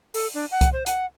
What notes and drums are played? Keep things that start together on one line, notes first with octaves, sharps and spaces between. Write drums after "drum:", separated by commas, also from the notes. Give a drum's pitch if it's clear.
A4, drum: open hi-hat
D4
F#5
drum: kick C2, hi-hat
C5
F#5, drum: hi-hat